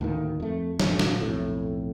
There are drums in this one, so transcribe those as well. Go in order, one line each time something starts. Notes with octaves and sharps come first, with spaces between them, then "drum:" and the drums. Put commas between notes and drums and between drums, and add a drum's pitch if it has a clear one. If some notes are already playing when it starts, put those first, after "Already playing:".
D2 A2 D#3 A#3
F2 A3
A#1 F#2 F3 C#4, drum: snare
A#2 D3 F#3 A#3, drum: snare
B1 F2 A2